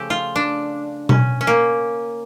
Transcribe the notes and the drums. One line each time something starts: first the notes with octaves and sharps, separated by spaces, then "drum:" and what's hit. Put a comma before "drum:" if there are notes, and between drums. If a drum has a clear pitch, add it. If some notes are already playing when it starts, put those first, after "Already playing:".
Already playing: C#3 F3 A3 G4 A4
F4
D4
C#4, drum: tom B2
C#4
A#3